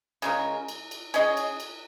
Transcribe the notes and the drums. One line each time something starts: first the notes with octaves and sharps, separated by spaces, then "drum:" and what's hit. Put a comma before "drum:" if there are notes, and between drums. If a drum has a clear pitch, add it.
C#3 G#3 C#4 A#4, drum: cymbal
drum: cymbal
drum: cymbal
C#4 G#4 D#5, drum: cymbal
drum: cymbal
drum: cymbal